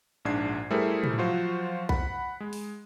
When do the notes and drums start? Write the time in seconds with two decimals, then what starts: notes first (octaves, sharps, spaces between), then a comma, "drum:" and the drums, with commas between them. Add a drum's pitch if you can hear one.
0.25 A#1 G#2 D4 G#6 C7
0.70 G3 A3 E4 G#4 A#4 C5
1.04 drum: tom
1.18 F3 F#3 F4 F#4 C5
1.89 F#5 B5, drum: kick B1
2.40 G#3
2.53 drum: open hi-hat